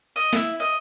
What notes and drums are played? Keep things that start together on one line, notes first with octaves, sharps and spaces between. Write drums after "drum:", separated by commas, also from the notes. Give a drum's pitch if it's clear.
D#5
E4, drum: snare
D#5